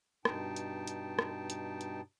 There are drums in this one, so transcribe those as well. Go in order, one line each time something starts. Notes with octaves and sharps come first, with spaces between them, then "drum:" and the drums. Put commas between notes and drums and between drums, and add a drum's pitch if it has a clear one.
G2 B2 D#4 G5 A5, drum: rim click
drum: hi-hat
drum: hi-hat
drum: rim click
drum: hi-hat
drum: hi-hat